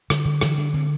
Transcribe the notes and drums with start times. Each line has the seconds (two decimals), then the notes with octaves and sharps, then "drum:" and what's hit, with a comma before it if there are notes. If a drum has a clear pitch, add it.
0.10 D3, drum: rim click
0.25 D3
0.41 D3 E3, drum: rim click
0.58 D3 D4
0.74 D3 C4